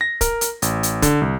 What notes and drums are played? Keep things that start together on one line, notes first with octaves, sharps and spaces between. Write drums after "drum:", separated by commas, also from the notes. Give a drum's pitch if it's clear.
A#6
A#4, drum: kick D1, hi-hat
drum: hi-hat
A1, drum: hi-hat
drum: hi-hat
D3, drum: kick D1, hi-hat
C2